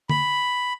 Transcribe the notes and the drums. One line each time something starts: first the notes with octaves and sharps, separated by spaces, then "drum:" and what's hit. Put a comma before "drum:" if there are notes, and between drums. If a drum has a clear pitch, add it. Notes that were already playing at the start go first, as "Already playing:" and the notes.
B5, drum: tom D3